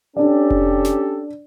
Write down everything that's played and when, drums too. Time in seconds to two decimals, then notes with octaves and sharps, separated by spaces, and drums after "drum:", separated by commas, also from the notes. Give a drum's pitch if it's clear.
0.16 C#4 D4 G4 A4 D5
0.50 drum: kick F1
0.85 drum: snare